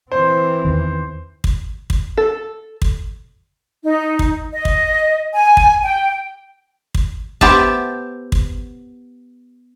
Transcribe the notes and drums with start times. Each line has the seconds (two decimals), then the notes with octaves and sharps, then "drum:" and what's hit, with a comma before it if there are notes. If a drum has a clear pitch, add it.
0.12 E3 C4 C5
0.65 E2 D#3
1.44 drum: kick
1.90 drum: kick
2.17 A4
2.82 drum: kick
3.84 D#4
4.19 drum: kick
4.52 D#5
4.65 drum: kick
5.34 G#5
5.57 drum: kick
5.84 G5
6.95 drum: kick
7.41 B3 G4 C5 E5 A5, drum: kick
8.32 drum: kick